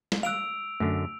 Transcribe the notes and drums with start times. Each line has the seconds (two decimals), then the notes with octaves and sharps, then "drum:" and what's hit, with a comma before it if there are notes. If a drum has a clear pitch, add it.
0.12 drum: snare
0.23 F5 E6 F#6 D7 F7
0.80 F#2 D3 A3